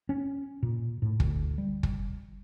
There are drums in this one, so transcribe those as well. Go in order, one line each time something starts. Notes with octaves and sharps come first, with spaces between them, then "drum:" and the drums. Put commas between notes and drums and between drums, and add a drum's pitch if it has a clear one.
C#4
A#2
A2
D2, drum: kick
G3
drum: kick